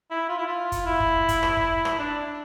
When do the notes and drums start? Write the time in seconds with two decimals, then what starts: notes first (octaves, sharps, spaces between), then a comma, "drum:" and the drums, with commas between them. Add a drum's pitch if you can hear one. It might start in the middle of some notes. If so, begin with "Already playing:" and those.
0.11 E4
0.29 F4
0.38 E4
0.47 F4
0.72 drum: kick, hi-hat
0.86 E4
1.00 drum: kick
1.28 drum: kick, hi-hat
1.43 drum: rim click
1.57 drum: kick
1.85 drum: rim click
1.99 D4
2.19 D4